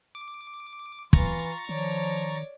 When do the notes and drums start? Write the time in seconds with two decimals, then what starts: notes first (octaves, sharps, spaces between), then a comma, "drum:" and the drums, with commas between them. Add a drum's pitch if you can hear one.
0.15 D6
1.13 E3 F4 A#5 C#6 A6, drum: kick
1.69 D#3 F3 C#5 D5